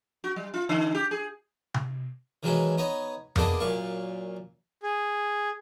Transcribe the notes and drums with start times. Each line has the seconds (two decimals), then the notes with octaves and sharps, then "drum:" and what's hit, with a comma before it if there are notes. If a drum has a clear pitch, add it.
0.24 F#4
0.36 G3
0.54 F4
0.69 D3
0.95 G4
1.11 G#4
1.74 drum: tom C3
2.43 D#3 E3 F#3 G#3 C#4 D#4
2.78 B3 D#4 C#5 D#5
3.36 A#3 B3 D4 G#4 A4 D#5, drum: tom F2
3.60 F#2 A#2 F5 C#6
4.83 G#4